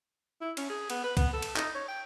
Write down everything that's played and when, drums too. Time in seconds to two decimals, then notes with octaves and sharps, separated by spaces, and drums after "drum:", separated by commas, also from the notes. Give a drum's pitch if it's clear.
0.41 E4
0.57 C#4, drum: cymbal
0.70 G#4
0.90 B3, drum: cymbal
1.04 B4
1.17 B3, drum: kick B1, cymbal
1.33 A4
1.42 drum: cymbal
1.56 D#4, drum: clap
1.75 C#5
1.88 G5